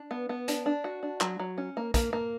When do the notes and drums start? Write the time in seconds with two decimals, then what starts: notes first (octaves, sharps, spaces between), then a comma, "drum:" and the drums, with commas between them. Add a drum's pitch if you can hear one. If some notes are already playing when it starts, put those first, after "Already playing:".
Already playing: D4
0.11 B3
0.29 B3
0.48 D4, drum: hi-hat
0.66 D4
0.84 F#4
1.03 D4
1.21 F#3, drum: clap
1.39 F#3
1.58 C#4
1.77 A#3
1.94 A#3, drum: kick, hi-hat
2.13 A#3